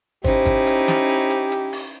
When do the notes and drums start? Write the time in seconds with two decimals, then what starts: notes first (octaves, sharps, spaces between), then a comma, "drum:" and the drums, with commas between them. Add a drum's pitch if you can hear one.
0.24 C#4 D#4 E4 G4 C5, drum: kick
0.46 drum: kick, hi-hat
0.67 drum: hi-hat
0.88 drum: snare
1.09 drum: hi-hat
1.30 drum: hi-hat
1.52 drum: hi-hat
1.73 drum: open hi-hat